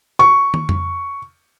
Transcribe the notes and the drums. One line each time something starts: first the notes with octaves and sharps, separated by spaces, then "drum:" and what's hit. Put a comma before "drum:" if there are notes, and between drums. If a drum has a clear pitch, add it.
C#6
drum: tom
drum: tom F2